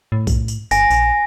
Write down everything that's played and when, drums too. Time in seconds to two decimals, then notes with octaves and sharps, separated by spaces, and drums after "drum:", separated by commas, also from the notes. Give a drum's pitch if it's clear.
0.12 A2
0.27 drum: kick B1, tambourine
0.48 drum: tambourine
0.71 G1 G#5 A#6, drum: tambourine
0.91 A#1, drum: tambourine